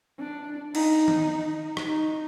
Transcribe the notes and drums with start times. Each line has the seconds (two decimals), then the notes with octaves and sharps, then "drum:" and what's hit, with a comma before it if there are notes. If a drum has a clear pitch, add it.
0.19 D4
0.75 D#4, drum: cymbal
1.08 drum: tom D#3
1.77 drum: rim click
1.86 D#4